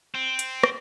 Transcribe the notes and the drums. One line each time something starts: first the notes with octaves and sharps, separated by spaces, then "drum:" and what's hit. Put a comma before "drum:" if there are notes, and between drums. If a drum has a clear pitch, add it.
C4
drum: hi-hat
drum: rim click